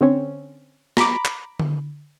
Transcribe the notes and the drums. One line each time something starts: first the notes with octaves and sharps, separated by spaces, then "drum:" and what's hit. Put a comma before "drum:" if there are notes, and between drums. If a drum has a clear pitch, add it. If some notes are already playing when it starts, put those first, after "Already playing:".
D3 C4 C#4
A#5 B5 D6, drum: snare
drum: clap
drum: tom D3